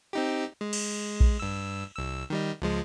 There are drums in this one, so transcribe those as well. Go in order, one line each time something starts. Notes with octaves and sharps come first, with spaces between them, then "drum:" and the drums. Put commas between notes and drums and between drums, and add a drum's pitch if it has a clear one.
C4 D#4 G4
G#3
drum: cymbal
drum: kick A#1
G2 E6
C2 E6
D#3 G3 D#4
C#2 F3 G#3